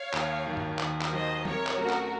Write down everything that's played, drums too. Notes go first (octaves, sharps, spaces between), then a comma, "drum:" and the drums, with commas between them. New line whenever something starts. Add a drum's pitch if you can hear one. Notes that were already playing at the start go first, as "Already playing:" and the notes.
Already playing: C#5 F5
D#2, drum: clap
D#3 F#3
drum: tom
D#2, drum: clap
drum: clap
D#3 F#3 C5 D#5
C3 A#4 C#5, drum: tom
drum: clap
F#3 A3 C#4 F#4 A#4
drum: clap